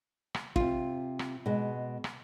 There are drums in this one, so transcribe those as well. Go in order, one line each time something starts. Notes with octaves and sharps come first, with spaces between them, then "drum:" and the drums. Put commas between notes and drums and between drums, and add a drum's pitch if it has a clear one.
drum: rim click
C3 F4, drum: kick
drum: rim click
B2 G#3
drum: rim click